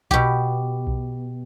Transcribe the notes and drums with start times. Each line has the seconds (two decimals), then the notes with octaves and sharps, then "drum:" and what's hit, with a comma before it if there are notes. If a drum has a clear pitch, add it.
0.11 B2 G4, drum: kick B1
0.87 drum: kick B1